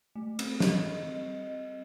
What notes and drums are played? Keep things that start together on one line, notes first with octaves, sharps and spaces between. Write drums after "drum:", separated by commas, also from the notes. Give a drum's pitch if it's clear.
A3
C4, drum: cymbal
G3 D#5, drum: snare